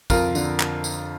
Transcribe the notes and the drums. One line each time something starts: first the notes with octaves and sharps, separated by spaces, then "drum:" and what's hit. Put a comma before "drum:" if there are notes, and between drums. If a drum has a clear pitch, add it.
F2 F4 A#4, drum: kick, tambourine
D3, drum: tambourine
drum: clap
drum: tambourine